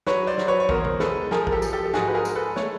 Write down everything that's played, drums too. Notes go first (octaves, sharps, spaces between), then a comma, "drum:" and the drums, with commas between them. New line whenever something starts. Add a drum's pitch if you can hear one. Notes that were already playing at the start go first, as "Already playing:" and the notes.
F#3 B4 C#5, drum: snare
C5 D5
F#3, drum: snare
B4 C#5
C#5
E2 A#4 C5, drum: kick
drum: tom
G#3 A4 B4, drum: snare
F3 G#4 A#4, drum: snare
A#4, drum: kick
G4 A4
F3, drum: tambourine
G4 A4
A4
G#2 F#4 G#4, drum: snare
B4
G#4 A#4
G#3, drum: tambourine
A4 B4
A3 C#5, drum: snare